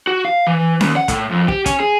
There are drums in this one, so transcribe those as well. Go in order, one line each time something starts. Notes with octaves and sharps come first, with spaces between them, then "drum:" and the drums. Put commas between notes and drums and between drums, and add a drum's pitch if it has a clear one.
F#4
F5
E3
D#2, drum: snare C#4
F#5
A2, drum: kick, hi-hat
F2
G4, drum: kick
C#4, drum: kick, hi-hat
G#4